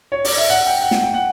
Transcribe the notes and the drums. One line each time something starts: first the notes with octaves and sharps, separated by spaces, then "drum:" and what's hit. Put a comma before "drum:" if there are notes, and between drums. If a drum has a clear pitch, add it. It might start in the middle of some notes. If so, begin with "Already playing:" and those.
C#5
D5, drum: open hi-hat
E5
F#5
G5
F#5
drum: snare
G5
F#5